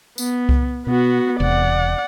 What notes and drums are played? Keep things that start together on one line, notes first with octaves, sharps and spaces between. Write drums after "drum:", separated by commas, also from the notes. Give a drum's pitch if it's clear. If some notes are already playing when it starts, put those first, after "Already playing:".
B3, drum: tambourine
drum: kick C2
B2 B3 F#4
E1 C3 D5 F#5